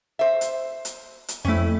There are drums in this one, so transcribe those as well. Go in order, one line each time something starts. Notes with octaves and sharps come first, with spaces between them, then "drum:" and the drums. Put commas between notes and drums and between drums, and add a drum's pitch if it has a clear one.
C5 E5
drum: hi-hat
drum: hi-hat
drum: hi-hat
F2 A3 C#4 E4